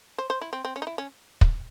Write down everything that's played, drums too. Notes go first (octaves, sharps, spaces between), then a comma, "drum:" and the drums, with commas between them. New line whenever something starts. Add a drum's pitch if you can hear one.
C5
C5
E4
C4
C4
C#4
D#4
E4
C#4
drum: kick